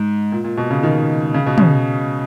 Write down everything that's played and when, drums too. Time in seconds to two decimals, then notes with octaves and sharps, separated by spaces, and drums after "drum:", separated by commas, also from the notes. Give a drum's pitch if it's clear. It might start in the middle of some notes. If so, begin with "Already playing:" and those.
Already playing: G#2
0.32 A#2
0.44 A#2
0.57 B2
0.70 C#3
0.83 D#3
1.34 C#3
1.46 B2
1.58 C#3, drum: tom